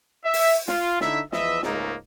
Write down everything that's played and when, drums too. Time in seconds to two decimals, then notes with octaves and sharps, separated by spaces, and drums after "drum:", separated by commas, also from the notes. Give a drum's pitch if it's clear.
0.24 E5
0.34 drum: open hi-hat
0.68 F4, drum: snare
1.00 D3 D#4 E4 E5, drum: snare
1.32 E2 F3 B4 D#5 E5, drum: snare
1.63 C#2 G#2 C#3 A3 A#3 D#4, drum: snare